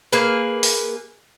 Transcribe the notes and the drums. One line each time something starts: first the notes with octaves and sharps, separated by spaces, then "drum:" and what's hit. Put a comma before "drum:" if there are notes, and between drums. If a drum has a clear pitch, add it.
A#3 G#4 B4
drum: open hi-hat